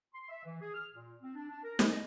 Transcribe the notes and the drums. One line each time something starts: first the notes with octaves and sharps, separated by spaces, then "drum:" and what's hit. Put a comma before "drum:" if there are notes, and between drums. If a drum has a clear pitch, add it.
C6
E5
E3
G#4
F6
A#2
C4
D4
D4
A#4
F#3, drum: snare
D#5